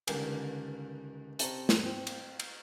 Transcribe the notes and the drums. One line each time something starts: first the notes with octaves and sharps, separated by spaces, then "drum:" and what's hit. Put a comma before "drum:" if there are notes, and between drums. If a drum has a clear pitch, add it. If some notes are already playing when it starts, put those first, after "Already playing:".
C#2 G2 D3 D#3 A#3, drum: cymbal
C3 A5 A#5 C6 C#6, drum: hi-hat
drum: snare
C4
drum: cymbal
drum: cymbal